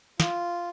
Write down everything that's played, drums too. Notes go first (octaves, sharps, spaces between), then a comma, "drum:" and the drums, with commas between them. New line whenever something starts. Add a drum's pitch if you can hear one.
F4, drum: snare